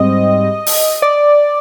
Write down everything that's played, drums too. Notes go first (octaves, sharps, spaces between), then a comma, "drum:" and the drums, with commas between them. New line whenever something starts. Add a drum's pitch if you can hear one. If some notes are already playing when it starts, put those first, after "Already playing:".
Already playing: G#2 G3 C4 D#5
drum: open hi-hat
D5